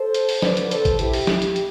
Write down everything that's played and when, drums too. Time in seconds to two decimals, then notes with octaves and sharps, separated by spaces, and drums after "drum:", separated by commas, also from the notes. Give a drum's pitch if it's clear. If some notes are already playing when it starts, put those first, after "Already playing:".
Already playing: A4 C5
0.14 drum: hi-hat
0.29 drum: open hi-hat
0.42 D2 D3 F3 B4 D5, drum: snare
0.57 drum: hi-hat
0.71 A4 C5, drum: hi-hat
0.85 drum: kick, hi-hat
0.99 E4 G4, drum: hi-hat
1.13 drum: open hi-hat
1.27 E4 G4, drum: snare
1.42 drum: hi-hat
1.56 drum: hi-hat